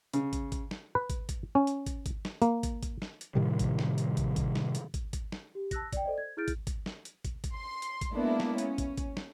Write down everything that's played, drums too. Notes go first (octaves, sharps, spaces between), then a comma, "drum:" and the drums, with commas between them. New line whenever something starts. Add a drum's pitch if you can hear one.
C#3, drum: hi-hat
drum: kick, hi-hat
drum: kick, hi-hat
drum: snare
B4
drum: kick, hi-hat
drum: kick, hi-hat
C#4
drum: hi-hat
drum: kick, hi-hat
drum: kick, hi-hat
drum: snare
A#3, drum: hi-hat
drum: kick, hi-hat
drum: kick, hi-hat
drum: snare
drum: hi-hat
A2 C3 D#3 G3
drum: kick, hi-hat
drum: snare
drum: hi-hat
drum: kick, hi-hat
drum: kick, hi-hat
drum: snare
drum: hi-hat
drum: kick, hi-hat
drum: kick, hi-hat
drum: snare
G4
A5 E6 F#6 A#6, drum: kick, hi-hat
D5 G5, drum: kick, hi-hat
A4 C5 D5 D#5
G#6
E4 G#4 F6 G6 A6 D7
drum: kick, hi-hat
drum: kick, hi-hat
drum: snare
drum: hi-hat
drum: kick, hi-hat
drum: kick, hi-hat
C6
drum: hi-hat
drum: kick, hi-hat
G#3 A#3 B3 D4 E4
drum: snare
C#4, drum: hi-hat
drum: kick, hi-hat
drum: kick, hi-hat
drum: snare